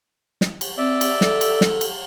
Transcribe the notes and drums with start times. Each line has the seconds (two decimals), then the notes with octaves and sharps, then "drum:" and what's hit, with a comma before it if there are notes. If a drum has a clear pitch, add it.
0.41 drum: snare
0.61 drum: cymbal
0.78 C4 D5 E5
1.01 drum: cymbal
1.21 A4, drum: snare
1.41 drum: cymbal
1.61 drum: snare
1.81 drum: cymbal